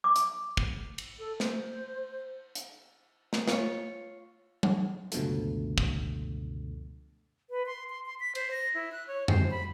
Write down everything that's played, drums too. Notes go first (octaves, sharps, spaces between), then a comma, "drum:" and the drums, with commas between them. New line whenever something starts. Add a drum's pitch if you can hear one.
D6
drum: hi-hat
drum: kick
drum: cymbal
A4
C5, drum: snare
drum: hi-hat
drum: snare
F4 C#5, drum: snare
drum: tom F#3
C#2 F#2 B2 D3 F3 A3, drum: hi-hat
drum: kick
B4
C6
C6
C6
B6
C5, drum: cymbal
A#6
E4
F#6
C#5
C5, drum: tom F2
B5